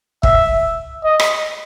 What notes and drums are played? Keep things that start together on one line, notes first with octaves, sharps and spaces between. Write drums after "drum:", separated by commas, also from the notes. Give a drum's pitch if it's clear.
E5, drum: kick
D#5
drum: rim click